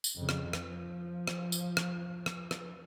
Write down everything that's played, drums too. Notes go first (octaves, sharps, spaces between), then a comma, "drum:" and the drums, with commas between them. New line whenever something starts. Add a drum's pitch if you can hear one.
drum: tambourine
F2 C#3
drum: rim click
F3, drum: rim click
drum: rim click
drum: tambourine
drum: rim click
drum: rim click
drum: rim click